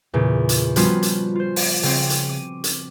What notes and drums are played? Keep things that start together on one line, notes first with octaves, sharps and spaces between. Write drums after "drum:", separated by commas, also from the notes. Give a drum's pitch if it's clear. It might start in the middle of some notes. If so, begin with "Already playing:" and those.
E2 A#2 C#3
drum: hi-hat
F3 G3 B3 C#4 F4 F#4, drum: hi-hat
drum: hi-hat
F4 C5
drum: open hi-hat
C#3 C4, drum: open hi-hat
drum: hi-hat
D6 D#7
drum: hi-hat